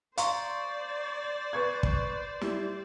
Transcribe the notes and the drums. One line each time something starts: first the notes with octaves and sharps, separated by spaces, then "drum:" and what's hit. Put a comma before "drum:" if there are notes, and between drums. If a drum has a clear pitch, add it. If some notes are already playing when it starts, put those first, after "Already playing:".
C5 D5 F5 A#5 C6 C#6, drum: hi-hat
B4 C#6 G#6
drum: kick
G3 E4, drum: snare